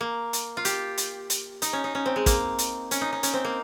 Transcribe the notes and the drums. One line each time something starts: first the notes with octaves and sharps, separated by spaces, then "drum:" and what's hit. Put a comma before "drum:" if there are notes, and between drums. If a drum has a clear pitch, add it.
A#3
drum: hi-hat
F4
G4, drum: hi-hat
drum: hi-hat
drum: hi-hat
D#4, drum: hi-hat
C#4
D#4
C#4
C4
G#3
A#3, drum: kick, hi-hat
drum: hi-hat
C#4, drum: hi-hat
D#4
D#4
C#4, drum: hi-hat
C4
A#3